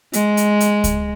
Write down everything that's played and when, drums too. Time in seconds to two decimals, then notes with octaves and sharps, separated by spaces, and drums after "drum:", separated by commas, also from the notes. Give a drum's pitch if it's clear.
0.13 G#3, drum: hi-hat
0.37 drum: hi-hat
0.60 drum: hi-hat
0.84 drum: kick C#2, hi-hat